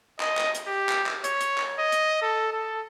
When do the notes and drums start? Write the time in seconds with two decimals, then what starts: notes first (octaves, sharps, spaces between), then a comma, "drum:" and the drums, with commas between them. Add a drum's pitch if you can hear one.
0.20 D#5, drum: clap
0.37 drum: clap
0.55 drum: hi-hat
0.67 G4
0.89 drum: clap
1.06 drum: clap
1.24 C#5, drum: hi-hat
1.41 drum: hi-hat
1.58 drum: clap
1.79 D#5
1.92 drum: hi-hat
2.22 A4
2.53 A4